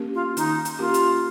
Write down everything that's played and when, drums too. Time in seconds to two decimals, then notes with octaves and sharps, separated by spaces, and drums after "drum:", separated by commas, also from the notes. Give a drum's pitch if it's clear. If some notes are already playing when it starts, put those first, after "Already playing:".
Already playing: A#3 C#4 G4 A#4
0.14 F4
0.37 D#3 D#4, drum: hi-hat
0.65 drum: hi-hat
0.79 A#3 C#4 F4 G4 A#4
0.94 drum: hi-hat